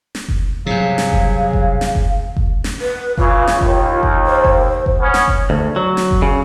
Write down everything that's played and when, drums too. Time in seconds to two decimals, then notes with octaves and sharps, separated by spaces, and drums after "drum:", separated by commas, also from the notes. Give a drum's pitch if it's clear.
0.15 drum: snare
0.29 drum: kick F#1
0.66 G2 C3 F#3 G#4 F5
0.98 drum: snare
1.12 drum: kick F#1
1.53 drum: kick F#1
1.81 drum: snare
1.95 drum: kick F#1
2.37 drum: kick F#1
2.64 drum: snare
2.81 B4
3.18 C#3 E3 F4, drum: kick F#1
3.47 drum: snare
3.61 D#2, drum: kick F#1
4.03 drum: kick F#1
4.26 C5
4.45 drum: kick F#1
4.86 drum: kick F#1
5.00 B3 C#4
5.14 drum: snare
5.28 drum: kick F#1
5.50 D2
5.76 F#3
5.97 drum: snare
6.11 drum: kick F#1
6.22 C#3